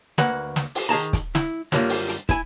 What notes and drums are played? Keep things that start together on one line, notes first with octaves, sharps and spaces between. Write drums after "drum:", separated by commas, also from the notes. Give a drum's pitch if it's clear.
D2 A#3 B4 F#5, drum: snare
drum: snare
drum: open hi-hat
D#3 G#4 A5 A#5
drum: kick, hi-hat
E4, drum: snare
F#2 D3 G3 A3 A#3 F4, drum: snare
drum: open hi-hat
drum: hi-hat
E4 G#5, drum: kick, hi-hat